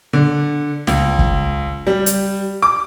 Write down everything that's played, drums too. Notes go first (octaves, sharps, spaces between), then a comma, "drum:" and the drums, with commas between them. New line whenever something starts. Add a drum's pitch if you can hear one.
D3
C#2, drum: snare
drum: kick
G3
drum: hi-hat
D6